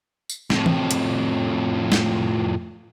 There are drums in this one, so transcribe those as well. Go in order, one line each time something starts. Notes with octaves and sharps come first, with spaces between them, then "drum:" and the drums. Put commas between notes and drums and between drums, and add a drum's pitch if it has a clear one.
drum: tambourine
F2 A2, drum: snare
drum: tom E3
drum: hi-hat
drum: snare